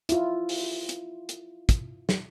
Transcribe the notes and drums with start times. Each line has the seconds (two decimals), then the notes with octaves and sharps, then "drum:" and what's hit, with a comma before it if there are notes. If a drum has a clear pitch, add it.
0.09 E4 F4, drum: hi-hat
0.49 drum: open hi-hat
0.89 drum: hi-hat
1.29 drum: hi-hat
1.69 drum: kick, hi-hat
2.09 drum: snare